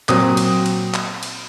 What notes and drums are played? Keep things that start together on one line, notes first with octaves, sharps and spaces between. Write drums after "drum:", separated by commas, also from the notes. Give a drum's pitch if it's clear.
A#2 F#3 C4 D#6, drum: clap
drum: cymbal
drum: cymbal
drum: clap
drum: cymbal